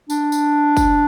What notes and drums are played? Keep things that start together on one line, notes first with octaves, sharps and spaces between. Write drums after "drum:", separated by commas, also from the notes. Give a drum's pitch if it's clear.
D4, drum: tambourine
drum: tambourine
drum: kick F#1, tambourine